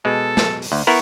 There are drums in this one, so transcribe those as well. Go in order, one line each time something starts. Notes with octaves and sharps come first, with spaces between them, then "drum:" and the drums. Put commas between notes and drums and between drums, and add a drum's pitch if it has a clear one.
B2 G#3 A4
drum: snare
drum: open hi-hat
D2
B3 E4 A#4 C#6